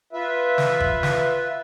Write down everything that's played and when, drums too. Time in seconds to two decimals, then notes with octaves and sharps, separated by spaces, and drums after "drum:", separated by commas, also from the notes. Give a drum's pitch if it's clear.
0.13 F4 B4 E5
0.58 drum: snare
0.80 drum: kick
1.03 drum: snare